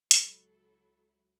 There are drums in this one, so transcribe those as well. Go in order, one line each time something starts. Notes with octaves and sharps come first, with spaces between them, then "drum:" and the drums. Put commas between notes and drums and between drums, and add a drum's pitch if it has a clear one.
C#2 F#3 E4 A4, drum: hi-hat